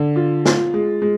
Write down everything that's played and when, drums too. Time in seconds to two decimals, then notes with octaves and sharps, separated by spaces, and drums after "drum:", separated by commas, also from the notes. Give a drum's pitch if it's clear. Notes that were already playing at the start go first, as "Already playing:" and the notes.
Already playing: D3
0.16 F4
0.45 F4, drum: snare
0.74 G#3
1.02 G#3